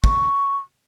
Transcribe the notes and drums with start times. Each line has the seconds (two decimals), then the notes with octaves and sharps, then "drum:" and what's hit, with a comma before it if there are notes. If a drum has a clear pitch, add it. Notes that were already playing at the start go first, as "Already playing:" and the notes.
0.04 C#6, drum: kick